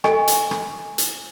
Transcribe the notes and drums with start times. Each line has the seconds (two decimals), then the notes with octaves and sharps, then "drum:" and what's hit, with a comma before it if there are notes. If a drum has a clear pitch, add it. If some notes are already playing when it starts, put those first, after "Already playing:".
0.04 A4 D#5 G#5 C#6, drum: rim click
0.28 drum: hi-hat
0.51 drum: rim click
0.98 drum: hi-hat